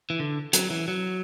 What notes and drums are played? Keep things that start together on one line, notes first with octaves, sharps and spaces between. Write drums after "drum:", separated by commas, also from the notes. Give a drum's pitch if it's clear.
E3
D3
F#3, drum: hi-hat
E3
F#3